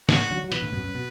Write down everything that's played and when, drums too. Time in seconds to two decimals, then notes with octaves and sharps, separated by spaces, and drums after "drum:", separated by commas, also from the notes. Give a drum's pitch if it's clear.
0.09 A2 D3 F#4, drum: snare
0.31 D3 F#3
0.44 F#3
0.52 B2 E3 B4, drum: hi-hat
0.62 A2 D3
0.73 F#2 B2
0.84 F#2
0.95 B2